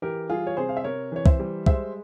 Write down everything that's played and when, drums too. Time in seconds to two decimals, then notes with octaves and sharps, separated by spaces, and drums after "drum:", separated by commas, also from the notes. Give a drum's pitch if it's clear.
0.02 E3 G4 A#4
0.30 G3 F4 G#4
0.47 C#5
0.57 C3 G#4 C5
0.69 F5
0.77 E5
0.84 C3 A#4 C#5
1.12 E3 C#5
1.26 C5 E5, drum: kick
1.39 G3
1.66 G#3 C5 E5, drum: kick